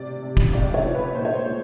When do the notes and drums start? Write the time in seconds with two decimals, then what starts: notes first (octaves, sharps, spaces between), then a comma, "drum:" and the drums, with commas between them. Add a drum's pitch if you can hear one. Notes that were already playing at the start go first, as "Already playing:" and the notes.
Already playing: C3 D5
0.22 C3
0.37 drum: kick
0.53 C#2 D5
0.74 C#5
0.85 F3
0.95 B4
1.14 A#2 C5
1.25 C#5
1.35 C5
1.46 G#3